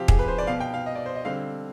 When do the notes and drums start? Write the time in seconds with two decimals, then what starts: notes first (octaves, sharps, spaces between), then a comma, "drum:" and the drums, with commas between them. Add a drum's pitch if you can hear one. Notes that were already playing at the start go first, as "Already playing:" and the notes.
Already playing: C3 F3 C4 G4 F5
0.08 G#4, drum: kick
0.19 B4
0.28 C5
0.38 D5
0.47 B2 B3 F5
0.60 G5
0.74 F5
0.86 D#5
0.95 D5
1.06 C5
1.15 D#5
1.25 D3 G3 C4 F5